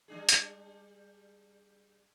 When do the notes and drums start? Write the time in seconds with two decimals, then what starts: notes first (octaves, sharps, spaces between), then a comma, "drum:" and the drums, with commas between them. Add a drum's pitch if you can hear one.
0.08 G3 D4 G#4
0.29 drum: hi-hat